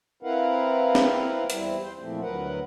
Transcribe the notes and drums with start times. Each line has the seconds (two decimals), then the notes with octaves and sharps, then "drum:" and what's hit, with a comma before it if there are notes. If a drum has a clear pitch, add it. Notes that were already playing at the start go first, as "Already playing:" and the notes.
0.23 C4 E4 A#4 B4 F5 F#5
0.95 drum: snare
1.50 E2 G3 C4 E4, drum: hi-hat
1.82 C5 G5
1.99 A#2 E3 F3 A3 C4
2.20 D2 F#3 A#4 B4 F#5